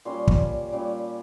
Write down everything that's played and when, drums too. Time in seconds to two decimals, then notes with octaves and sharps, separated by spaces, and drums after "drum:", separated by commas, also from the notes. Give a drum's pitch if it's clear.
0.05 A#2 G3 C#4 C6
0.28 drum: kick
0.72 A#2 G3 C#4